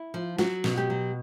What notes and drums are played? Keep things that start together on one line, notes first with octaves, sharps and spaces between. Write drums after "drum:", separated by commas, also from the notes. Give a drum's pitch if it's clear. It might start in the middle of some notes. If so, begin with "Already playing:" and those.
Already playing: E4
F3
F#3 F#4, drum: snare
B2, drum: snare
G4
F#3